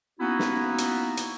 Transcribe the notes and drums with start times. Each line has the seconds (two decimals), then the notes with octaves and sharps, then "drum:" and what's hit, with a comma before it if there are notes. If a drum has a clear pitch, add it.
0.20 A#3 B3 C#4 D#4 E4 F#4
0.39 drum: snare
0.78 drum: hi-hat
1.17 drum: hi-hat